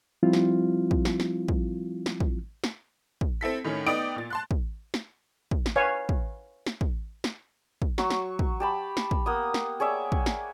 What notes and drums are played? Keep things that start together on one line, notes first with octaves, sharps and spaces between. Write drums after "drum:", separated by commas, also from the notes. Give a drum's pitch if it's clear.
F3 G3 C4 E4 F4
drum: snare
drum: kick
drum: snare
drum: snare
drum: kick
drum: snare
drum: kick
drum: snare
drum: kick
C4 E4 A4 B6
A2 D#3 A3 C#4
B3 D#4 D5 G5 D#6 D7
A#2 A6
A5 C6 F#6
drum: kick
drum: snare
drum: kick
drum: snare
B4 C#5 F5 G#5
drum: kick
drum: snare
drum: kick
drum: snare
drum: kick
F#3 C#6, drum: snare
drum: snare
drum: kick
G4 A5 B5
drum: snare
drum: kick
A#3 B3 D#6
drum: snare
G#4 C#5 D5 E5
drum: kick
drum: snare